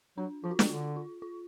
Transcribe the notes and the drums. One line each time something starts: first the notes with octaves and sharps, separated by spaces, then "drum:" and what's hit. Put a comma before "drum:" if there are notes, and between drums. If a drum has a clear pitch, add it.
F#3 D4
F3 F4
F#4
F4, drum: snare
D3
F4
F4